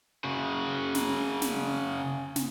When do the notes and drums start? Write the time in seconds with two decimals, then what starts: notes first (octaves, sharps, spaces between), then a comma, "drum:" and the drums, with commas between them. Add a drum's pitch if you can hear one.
0.24 C#3 F#4
0.95 drum: snare
1.42 drum: snare
2.36 drum: snare